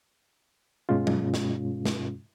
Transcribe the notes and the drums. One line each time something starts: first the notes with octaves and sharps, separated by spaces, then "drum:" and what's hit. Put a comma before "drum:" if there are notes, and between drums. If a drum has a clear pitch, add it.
G2 B2 G#3 C#4 F4
drum: tom F#3
drum: snare
drum: snare